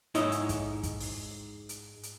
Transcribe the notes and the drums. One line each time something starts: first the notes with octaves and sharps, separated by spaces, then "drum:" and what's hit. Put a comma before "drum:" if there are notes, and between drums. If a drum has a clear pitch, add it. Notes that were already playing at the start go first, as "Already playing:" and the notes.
G#2 D#4 E4 C#5 D#5, drum: hi-hat
drum: hi-hat
drum: kick, hi-hat
drum: kick, hi-hat
drum: open hi-hat
drum: hi-hat
drum: hi-hat